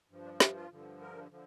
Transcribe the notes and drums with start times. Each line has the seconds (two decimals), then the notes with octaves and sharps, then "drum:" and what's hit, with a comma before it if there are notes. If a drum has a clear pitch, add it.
0.10 G2 F3
0.25 D4
0.40 D4, drum: snare
0.56 F4
0.71 G2 D3 F3
1.01 A#4
1.31 D3 F3